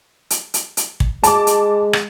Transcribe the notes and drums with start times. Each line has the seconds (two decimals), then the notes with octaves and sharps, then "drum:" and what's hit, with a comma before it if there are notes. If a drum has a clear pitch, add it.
0.30 drum: hi-hat
0.54 drum: hi-hat
0.77 drum: hi-hat
1.00 drum: kick
1.24 G#3 A5 D6, drum: hi-hat
1.47 drum: hi-hat
1.93 drum: rim click